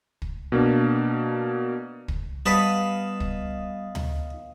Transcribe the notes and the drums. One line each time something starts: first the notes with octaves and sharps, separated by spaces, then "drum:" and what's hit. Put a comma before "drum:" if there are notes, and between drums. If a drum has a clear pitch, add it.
drum: kick
B2 A#3 D4
drum: kick
G3 B3 B4 D#5 F5 A5 B5
drum: kick
drum: tom D2